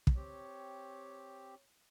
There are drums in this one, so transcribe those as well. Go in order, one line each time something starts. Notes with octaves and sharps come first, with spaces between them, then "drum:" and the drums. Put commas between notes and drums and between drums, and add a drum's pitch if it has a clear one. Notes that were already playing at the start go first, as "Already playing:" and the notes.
drum: kick
C4 G4 C#5